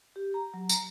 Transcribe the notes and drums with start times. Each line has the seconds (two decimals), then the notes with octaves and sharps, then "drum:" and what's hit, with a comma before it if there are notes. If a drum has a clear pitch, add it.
0.16 G4
0.34 A#5
0.54 F#3
0.69 A#5, drum: tambourine